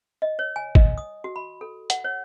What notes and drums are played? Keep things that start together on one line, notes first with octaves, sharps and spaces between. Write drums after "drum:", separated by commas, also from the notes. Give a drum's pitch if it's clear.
D#5
C#5
G#5
D#5, drum: kick
D#6
F#4
B5
A4
F#5, drum: hi-hat
C#5